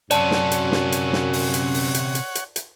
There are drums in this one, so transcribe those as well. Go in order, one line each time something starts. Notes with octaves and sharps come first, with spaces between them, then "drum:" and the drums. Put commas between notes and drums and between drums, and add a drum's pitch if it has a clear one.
F#2 C3 C#4 C#5 D5 F#5 A5, drum: hi-hat
drum: snare
drum: hi-hat
drum: snare
drum: hi-hat
drum: snare
drum: open hi-hat
drum: hi-hat
drum: open hi-hat
drum: hi-hat
drum: hi-hat
drum: hi-hat
drum: hi-hat